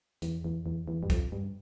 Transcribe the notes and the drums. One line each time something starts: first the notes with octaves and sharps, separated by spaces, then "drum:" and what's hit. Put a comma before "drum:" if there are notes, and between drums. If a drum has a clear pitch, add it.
E2, drum: hi-hat
E2
E2
E2
G2
F2, drum: kick, hi-hat
G2